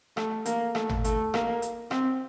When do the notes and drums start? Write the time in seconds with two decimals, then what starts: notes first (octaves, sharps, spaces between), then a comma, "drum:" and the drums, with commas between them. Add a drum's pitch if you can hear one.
0.17 A3, drum: rim click
0.46 A#3, drum: hi-hat
0.75 A3, drum: rim click
0.89 drum: tom G#1
1.04 A3, drum: hi-hat
1.34 A#3, drum: rim click
1.62 drum: hi-hat
1.91 C4, drum: rim click